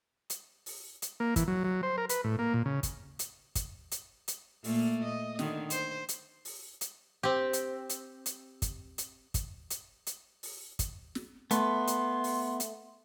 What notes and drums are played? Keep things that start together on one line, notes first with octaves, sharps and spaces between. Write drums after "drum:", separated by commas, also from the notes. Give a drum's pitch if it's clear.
drum: hi-hat
drum: open hi-hat
drum: hi-hat
A#3
E3, drum: kick, hi-hat
F#3
F#3
C5
A#4
B4, drum: hi-hat
A2
A#3
A#2
C#3
drum: kick, hi-hat
drum: hi-hat
drum: kick, hi-hat
drum: hi-hat
drum: hi-hat
A#2 A3 A#3, drum: open hi-hat
D#5
D3 D#3, drum: snare
C5, drum: hi-hat
drum: hi-hat
drum: open hi-hat
drum: hi-hat
C4 G4
drum: hi-hat
drum: hi-hat
drum: hi-hat
drum: kick, hi-hat
drum: hi-hat
drum: kick, hi-hat
drum: hi-hat
drum: hi-hat
drum: open hi-hat
drum: kick, hi-hat
drum: snare
A3 B3 C6, drum: hi-hat
drum: hi-hat
drum: open hi-hat
drum: hi-hat